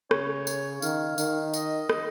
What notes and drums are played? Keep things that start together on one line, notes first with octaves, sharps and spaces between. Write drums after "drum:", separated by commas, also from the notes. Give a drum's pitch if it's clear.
C#3 C#5, drum: rim click
drum: tambourine
D#3 F5, drum: tambourine
D#3, drum: tambourine
D#5, drum: tambourine
D#5, drum: rim click